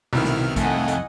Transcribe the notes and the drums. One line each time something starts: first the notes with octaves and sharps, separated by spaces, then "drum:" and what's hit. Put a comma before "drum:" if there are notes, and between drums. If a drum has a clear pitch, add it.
C2 B2 D#3 E4 F6
drum: snare
F2 A3 D#5 F#5 G#5, drum: kick A#1, hi-hat
drum: hi-hat